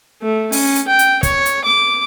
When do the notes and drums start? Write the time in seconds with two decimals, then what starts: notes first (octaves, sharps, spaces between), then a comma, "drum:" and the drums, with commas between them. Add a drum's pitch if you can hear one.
0.22 A3
0.52 C#4, drum: open hi-hat
0.75 drum: hi-hat
0.88 G5
0.99 drum: hi-hat
1.23 C#5, drum: kick, hi-hat
1.46 drum: hi-hat
1.64 D6